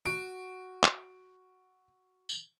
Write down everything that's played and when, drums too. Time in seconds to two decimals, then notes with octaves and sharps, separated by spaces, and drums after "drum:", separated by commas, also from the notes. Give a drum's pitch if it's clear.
0.06 F#4 D7
0.84 drum: clap
2.29 drum: tambourine